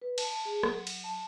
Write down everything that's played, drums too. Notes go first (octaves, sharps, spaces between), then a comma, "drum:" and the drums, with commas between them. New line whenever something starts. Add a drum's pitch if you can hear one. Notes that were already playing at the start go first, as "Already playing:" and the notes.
B4
A5, drum: cymbal
A5
G#4
F#3, drum: rim click
drum: cymbal
A5